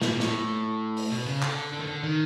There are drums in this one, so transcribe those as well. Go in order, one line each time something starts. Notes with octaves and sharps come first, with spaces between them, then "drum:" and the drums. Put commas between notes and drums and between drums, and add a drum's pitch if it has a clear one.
B2, drum: snare
A#2
A2, drum: snare
drum: open hi-hat
B2
C#3
D3, drum: clap
D3
D#3
D3
D#3